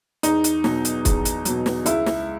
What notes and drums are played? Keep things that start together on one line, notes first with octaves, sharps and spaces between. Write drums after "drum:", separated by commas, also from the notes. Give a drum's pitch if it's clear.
E2 D#4, drum: hi-hat
drum: hi-hat
B2 F#3, drum: snare
drum: hi-hat
E2, drum: kick, hi-hat
drum: hi-hat
B2 F#3, drum: hi-hat
drum: snare
C#2 E4, drum: hi-hat
drum: snare